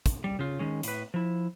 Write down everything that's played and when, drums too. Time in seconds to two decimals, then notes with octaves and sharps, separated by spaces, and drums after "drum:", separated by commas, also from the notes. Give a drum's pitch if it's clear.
0.06 drum: kick, hi-hat
0.24 G3
0.39 C#3 F4
0.59 D#3 G#3 C#4
0.83 A2 B4, drum: hi-hat
1.14 F3 E4